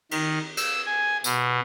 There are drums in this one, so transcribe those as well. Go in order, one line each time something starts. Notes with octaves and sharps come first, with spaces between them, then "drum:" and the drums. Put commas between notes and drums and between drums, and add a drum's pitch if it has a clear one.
D#3, drum: cymbal
E6, drum: cymbal
G#5
B2, drum: tambourine